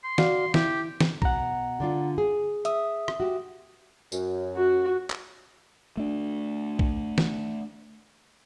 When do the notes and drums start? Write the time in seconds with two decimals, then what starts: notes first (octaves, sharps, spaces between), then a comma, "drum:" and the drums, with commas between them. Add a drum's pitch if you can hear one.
0.04 C6
0.18 F#4 D5 F5, drum: snare
0.54 E4 G4, drum: snare
1.01 drum: snare
1.22 B2 F#5 A#5, drum: kick A#1
1.80 D3 D4 F4
2.18 G#4
2.65 E5 D#6, drum: hi-hat
3.08 drum: rim click
3.20 F#4 G4
4.12 F#2, drum: tambourine
4.56 F#4
5.10 drum: clap
5.97 A3 D4
6.79 drum: kick A#1
7.18 drum: snare